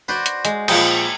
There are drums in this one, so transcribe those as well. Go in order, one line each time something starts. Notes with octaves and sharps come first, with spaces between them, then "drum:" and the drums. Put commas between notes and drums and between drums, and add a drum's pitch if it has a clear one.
F#4 B4 C5 D5
drum: hi-hat
G#3, drum: hi-hat
A#2 F3 G#4 F#5 G5, drum: cymbal